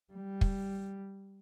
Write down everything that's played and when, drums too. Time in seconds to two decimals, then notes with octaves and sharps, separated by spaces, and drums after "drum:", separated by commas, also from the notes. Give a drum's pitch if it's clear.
0.13 G3
0.41 drum: kick